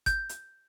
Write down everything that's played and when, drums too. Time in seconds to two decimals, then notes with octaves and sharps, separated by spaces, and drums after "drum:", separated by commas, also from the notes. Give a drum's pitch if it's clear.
0.06 G6, drum: kick G1, hi-hat
0.29 drum: hi-hat